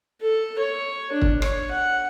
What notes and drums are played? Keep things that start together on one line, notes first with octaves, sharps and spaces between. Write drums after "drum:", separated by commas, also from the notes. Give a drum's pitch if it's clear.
A4
C#5
D4
drum: kick
C#5, drum: rim click
F#5